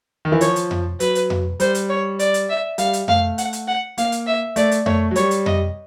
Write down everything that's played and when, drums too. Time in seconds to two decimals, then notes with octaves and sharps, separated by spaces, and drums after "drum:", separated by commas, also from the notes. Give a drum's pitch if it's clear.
0.25 D#3
0.32 E3
0.41 F3 C#5, drum: hi-hat
0.56 drum: hi-hat
0.71 drum: tom F2
1.00 F#3 B4, drum: hi-hat
1.15 drum: hi-hat
1.30 drum: tom F2
1.60 G3 C5, drum: hi-hat
1.75 drum: hi-hat
1.89 C#5
2.19 D5, drum: hi-hat
2.34 drum: hi-hat
2.49 E5
2.78 G3 F5, drum: hi-hat
2.93 drum: hi-hat
3.08 A3 F5, drum: tom F2
3.38 F#5, drum: hi-hat
3.53 drum: hi-hat
3.67 F#5
3.98 A#3 F5, drum: hi-hat
4.12 drum: hi-hat
4.27 E5
4.56 A3 D5, drum: hi-hat
4.71 drum: hi-hat
4.86 A3 C#5, drum: tom F2
5.11 F#3
5.16 G3 C#5, drum: hi-hat
5.31 drum: hi-hat
5.46 D#5, drum: tom F2